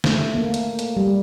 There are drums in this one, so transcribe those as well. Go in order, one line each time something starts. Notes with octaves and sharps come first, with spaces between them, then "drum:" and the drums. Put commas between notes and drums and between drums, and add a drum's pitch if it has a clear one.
A3, drum: snare
A#3
drum: hi-hat
drum: hi-hat
G3